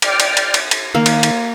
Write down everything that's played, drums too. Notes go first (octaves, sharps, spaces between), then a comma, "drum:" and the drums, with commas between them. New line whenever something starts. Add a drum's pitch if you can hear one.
D5 G5 F6, drum: cymbal
drum: cymbal
drum: cymbal
drum: cymbal
drum: cymbal
D#3 A#3
drum: cymbal
drum: cymbal